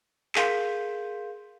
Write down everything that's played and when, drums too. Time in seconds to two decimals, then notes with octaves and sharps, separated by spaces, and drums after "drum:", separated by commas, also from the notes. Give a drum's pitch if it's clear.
0.35 G#4 A#4 F5 C6 G6 B6, drum: clap